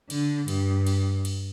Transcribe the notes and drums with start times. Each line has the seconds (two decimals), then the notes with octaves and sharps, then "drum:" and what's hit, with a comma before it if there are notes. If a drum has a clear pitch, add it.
0.10 D3, drum: cymbal
0.48 G2, drum: cymbal
0.87 drum: cymbal
1.25 drum: cymbal